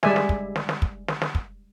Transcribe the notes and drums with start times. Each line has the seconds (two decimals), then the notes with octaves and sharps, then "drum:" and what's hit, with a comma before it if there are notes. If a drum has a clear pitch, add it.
0.03 G3 G#3 D5 E5 G#5, drum: snare
0.16 drum: snare
0.29 drum: kick
0.56 drum: snare
0.69 drum: snare
0.82 drum: kick
1.08 drum: snare
1.22 drum: snare
1.35 drum: kick